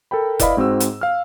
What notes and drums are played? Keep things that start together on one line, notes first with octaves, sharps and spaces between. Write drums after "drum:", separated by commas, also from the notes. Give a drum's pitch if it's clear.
A4 A#4 G5 B5
E4 B4 D5 D#5 F5 B5, drum: kick F1, hi-hat
G#2 C4 F#4 E6
drum: hi-hat
F5 F6